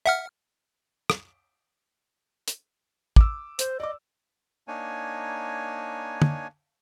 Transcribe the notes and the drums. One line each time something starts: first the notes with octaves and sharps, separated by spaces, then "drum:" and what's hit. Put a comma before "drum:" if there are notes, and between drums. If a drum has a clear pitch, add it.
E5 F#5 F6
drum: rim click
drum: hi-hat
D6 E6, drum: kick
C5, drum: hi-hat
D5 D#5 D6
A#3 D4 D#4 C#5 G#5
drum: tom